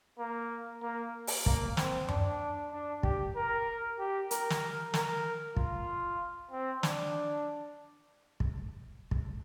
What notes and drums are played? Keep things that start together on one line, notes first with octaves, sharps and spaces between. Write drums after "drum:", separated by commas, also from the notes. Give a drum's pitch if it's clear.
A#3
A#3
drum: open hi-hat
A#3, drum: kick
C4, drum: snare
D4, drum: tom F#2
D4
G4, drum: kick
A#4
G4
A#4, drum: hi-hat
drum: snare
A#4, drum: snare
F4, drum: kick
C4
D4, drum: snare
drum: kick
drum: kick